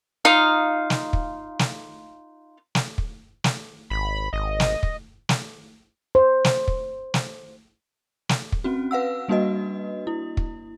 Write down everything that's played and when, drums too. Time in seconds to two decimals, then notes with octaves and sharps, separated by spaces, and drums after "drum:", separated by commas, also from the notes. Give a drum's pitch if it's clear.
0.25 D#4 F4 F5
0.90 drum: snare
1.13 drum: kick
1.59 drum: snare
2.75 drum: snare
2.98 drum: kick
3.44 drum: snare
3.90 G#1 B5
4.33 G#1 D#5
4.60 drum: snare
4.83 drum: kick
5.29 drum: snare
6.15 C5
6.44 drum: snare
6.68 drum: kick
7.14 drum: snare
8.29 drum: snare
8.52 drum: kick
8.64 C4 C#4 F#4
8.91 B4 F5 F#5 E6
9.28 G3 A#3 D4 F#4 B4 D#5
10.07 E4
10.37 drum: kick